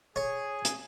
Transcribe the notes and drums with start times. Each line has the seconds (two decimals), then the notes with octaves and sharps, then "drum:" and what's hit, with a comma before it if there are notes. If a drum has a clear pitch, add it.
0.16 G#4 C#5
0.65 drum: hi-hat